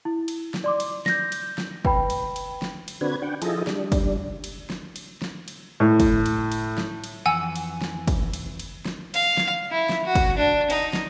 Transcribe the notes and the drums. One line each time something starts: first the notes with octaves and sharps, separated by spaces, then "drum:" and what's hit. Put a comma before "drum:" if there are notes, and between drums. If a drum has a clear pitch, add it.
E4
drum: cymbal
drum: snare
D5 C6 D6
drum: cymbal
G6 A#6, drum: snare
drum: cymbal
drum: snare
B4 G5 B5, drum: kick
drum: cymbal
drum: cymbal
drum: snare
drum: cymbal
D3 C4 D4 F#4 B4 G#6
D4 F#5 G5
F3 E4 F4 G#4 A4 D#5, drum: cymbal
G3 D4, drum: snare
drum: kick, cymbal
drum: cymbal
drum: snare
drum: cymbal
drum: snare
drum: cymbal
A2
drum: kick, cymbal
drum: cymbal
drum: cymbal
drum: snare
drum: cymbal
F2 E3 F#5 G#5 E6
drum: cymbal
drum: snare
drum: kick, cymbal
drum: cymbal
drum: cymbal
drum: snare
F5, drum: cymbal
drum: snare
E4
drum: snare
F#4
drum: kick, cymbal
D4
D#4, drum: cymbal
drum: snare